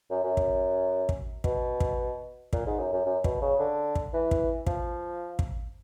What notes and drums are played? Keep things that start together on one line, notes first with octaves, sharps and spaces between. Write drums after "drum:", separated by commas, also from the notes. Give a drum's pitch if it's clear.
F#2
F#2
drum: kick
drum: kick
B2, drum: kick
drum: kick
A#2, drum: kick
G#2
F#2
F#2
F#2
B2, drum: kick
C#3
D3
drum: kick
E3
drum: kick
F3, drum: kick
drum: kick